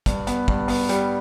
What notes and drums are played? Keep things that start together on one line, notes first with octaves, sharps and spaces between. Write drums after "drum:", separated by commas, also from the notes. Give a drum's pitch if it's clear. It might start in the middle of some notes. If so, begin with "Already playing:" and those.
G2, drum: kick, hi-hat
B3, drum: hi-hat
G2, drum: kick
B3, drum: open hi-hat
G3, drum: hi-hat